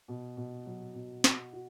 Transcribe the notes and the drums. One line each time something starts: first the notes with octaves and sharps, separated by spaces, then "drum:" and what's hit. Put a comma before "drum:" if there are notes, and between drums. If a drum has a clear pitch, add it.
B2
B2
F#3
B2
F#4, drum: snare
F#4